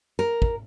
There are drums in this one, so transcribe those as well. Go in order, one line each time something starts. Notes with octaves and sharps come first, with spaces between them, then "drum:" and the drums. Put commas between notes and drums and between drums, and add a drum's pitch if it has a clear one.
A#4
drum: kick